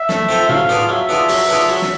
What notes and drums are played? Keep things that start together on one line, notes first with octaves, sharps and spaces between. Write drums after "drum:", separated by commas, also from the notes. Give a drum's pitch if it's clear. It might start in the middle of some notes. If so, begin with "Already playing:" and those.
Already playing: E5
A3, drum: snare
C4 F4 A4 C5
F#3 F5, drum: tom A2
B3 D4 F4 G#4
F#3 E5
B3 D4 F4 G#4
F#3, drum: open hi-hat
B3 D4 F4 G#4
F#3
drum: snare